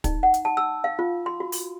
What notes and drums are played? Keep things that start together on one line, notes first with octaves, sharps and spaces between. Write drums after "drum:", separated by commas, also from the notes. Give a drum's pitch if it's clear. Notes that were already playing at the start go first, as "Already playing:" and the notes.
D#4, drum: kick, hi-hat
F#5
drum: hi-hat
A5
E6
F5
F4
C6
F#4
drum: open hi-hat